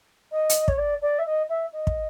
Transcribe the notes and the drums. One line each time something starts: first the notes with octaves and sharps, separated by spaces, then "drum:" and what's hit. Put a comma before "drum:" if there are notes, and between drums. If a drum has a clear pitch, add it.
D#5
drum: hi-hat
C#5, drum: kick
D5
D5
E5
D#5
E5
D#5
drum: kick